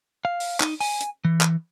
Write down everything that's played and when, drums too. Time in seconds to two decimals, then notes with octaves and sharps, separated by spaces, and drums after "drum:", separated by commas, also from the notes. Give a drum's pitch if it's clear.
0.25 F5
0.40 drum: open hi-hat
0.60 D#4, drum: clap
0.81 G#5, drum: open hi-hat
1.01 drum: hi-hat
1.25 E3
1.41 drum: clap